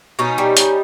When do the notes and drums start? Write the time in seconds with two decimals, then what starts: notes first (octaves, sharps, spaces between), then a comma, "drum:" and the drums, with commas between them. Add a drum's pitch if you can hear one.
0.19 B2 C#4 D#4
0.38 G3
0.57 G3, drum: hi-hat